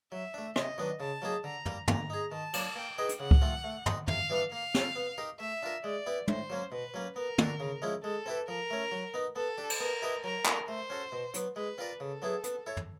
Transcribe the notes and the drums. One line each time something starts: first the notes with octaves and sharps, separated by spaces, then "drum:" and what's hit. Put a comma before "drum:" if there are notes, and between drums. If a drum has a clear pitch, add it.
F#3 E5
A3 D4
C3 D#5, drum: rim click
D#3 F#3 B3 D4
C#3 A5
F#3 A#3 D#4 G#4
D3 A#5
G3 A#3, drum: tom
A#3 A#5, drum: tom
D#4 G#4
D#3 A5
F#3 A#3 D4, drum: cymbal
A#3 G5
D#4 G#4 B4 D#5
drum: hi-hat
C#3 F#5
drum: kick C#2
F3 A3 C4 F4
A3
C4 D#4 F#4, drum: tom
C3 F5, drum: tom
E3 G3 B3 D4
A#3 F5
C#4 F4 A4, drum: snare
B3
D#4 G4 A#4
A3 E5
D4 F4 A#4
G#3 D5
B3 E4 G4
A2 C5, drum: tom
F#3 A#3 C#4
B2 B4
F#3 A#3 C#4
B3 A#4
D4 F#4 A4, drum: tom
C#3
F3 G#3 C#4 E4
G#3 A4
C4 E4 G4 B4
F3 A#4
A3 C#4
F#3
B3 D#4
B3 A4
D4 G4
drum: cymbal
B3 A#4
E4 G4 B4 D#5
F#3 A#4
A#3 D4 F#4 A4, drum: clap
A3 C5
C#4 F#4 A4
B2
F#3 B3, drum: hi-hat
G#3 B4
C4 F4 A#4 D5
C#3 A4
F#3 B3 E4 G#4
B3, drum: hi-hat
E4 A4 C#5
drum: tom